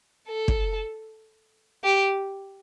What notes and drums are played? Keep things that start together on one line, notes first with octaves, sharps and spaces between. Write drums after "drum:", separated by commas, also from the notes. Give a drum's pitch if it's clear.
A4
drum: kick
G4